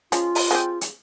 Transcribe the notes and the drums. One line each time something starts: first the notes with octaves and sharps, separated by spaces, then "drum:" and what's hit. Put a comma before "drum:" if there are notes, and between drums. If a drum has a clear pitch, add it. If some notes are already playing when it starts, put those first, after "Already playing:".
F3 G#3 C#4 F4, drum: hi-hat
drum: open hi-hat
G#3 C4 G4
drum: hi-hat